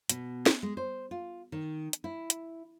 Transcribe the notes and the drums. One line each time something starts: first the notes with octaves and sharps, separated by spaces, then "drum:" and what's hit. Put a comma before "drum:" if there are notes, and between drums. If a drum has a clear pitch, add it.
B2, drum: hi-hat
drum: snare
G#3
C5
F4
D#3
drum: hi-hat
E4
drum: hi-hat